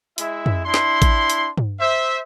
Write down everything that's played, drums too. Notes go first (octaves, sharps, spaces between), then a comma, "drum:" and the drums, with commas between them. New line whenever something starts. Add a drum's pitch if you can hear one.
G#3 E4 E5, drum: hi-hat
drum: tom F2
D4 E4 C6
drum: snare
drum: kick A1, hi-hat
drum: hi-hat
drum: tom
C5 E5